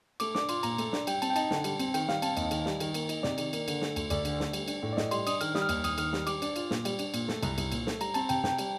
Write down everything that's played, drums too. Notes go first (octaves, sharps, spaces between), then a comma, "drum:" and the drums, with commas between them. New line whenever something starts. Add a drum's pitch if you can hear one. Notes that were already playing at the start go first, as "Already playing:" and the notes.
A3 D6, drum: cymbal
D4 D6, drum: snare
F4 C6, drum: cymbal
A#2 A#5, drum: cymbal
A3, drum: cymbal
D4, drum: snare
G3 G5, drum: cymbal
C4 A5, drum: cymbal
G5
D#4 A5, drum: cymbal
D3, drum: snare
G3, drum: cymbal
C4, drum: cymbal
D#3 G5, drum: cymbal
G3 F5, drum: snare
C4 A5, drum: cymbal
D#2 D#5, drum: cymbal
D#3, drum: cymbal
G3, drum: snare
D#3, drum: cymbal
A#3, drum: cymbal
D#4, drum: cymbal
C3 D5, drum: snare
D#3, drum: cymbal
A#3, drum: cymbal
D3, drum: cymbal
A3, drum: snare
D2, drum: cymbal
D2 D5, drum: cymbal
D3, drum: cymbal
A3, drum: snare
G3, drum: cymbal
D4, drum: cymbal
A2
D5
A2 D#5, drum: snare
G3 C6, drum: cymbal
D4 D#6, drum: cymbal
D#3 F6, drum: cymbal
G3 D#6, drum: snare
F6
D#2, drum: cymbal
D#2 D#6, drum: cymbal
D#3 F6, drum: cymbal
G3, drum: snare
G3 D6, drum: cymbal
D4, drum: cymbal
F4, drum: cymbal
A#2, drum: snare
G3, drum: cymbal
D4, drum: cymbal
A#2, drum: cymbal
A3, drum: snare
C2, drum: cymbal
C2, drum: cymbal
A#2, drum: cymbal
A3, drum: snare
G3 A#5, drum: cymbal
C4 A5, drum: cymbal
C3 G5, drum: cymbal
C3 G5, drum: snare
G3, drum: cymbal